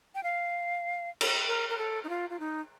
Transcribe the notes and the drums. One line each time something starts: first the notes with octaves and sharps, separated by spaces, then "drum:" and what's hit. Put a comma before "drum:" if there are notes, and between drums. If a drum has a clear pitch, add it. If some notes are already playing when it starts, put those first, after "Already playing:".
G5
F5
drum: cymbal
A#4
A#4
A4
D#4
F4
F4
D#4